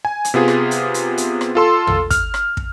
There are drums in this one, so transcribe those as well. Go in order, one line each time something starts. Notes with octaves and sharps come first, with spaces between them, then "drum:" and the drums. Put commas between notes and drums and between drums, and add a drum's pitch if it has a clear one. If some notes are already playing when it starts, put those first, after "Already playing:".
G#5
drum: hi-hat
C3 B3 F4 G#4
drum: rim click
drum: hi-hat
drum: hi-hat
drum: hi-hat
drum: rim click
F4 A4 C6
drum: tom
F6, drum: kick, hi-hat
drum: rim click
drum: kick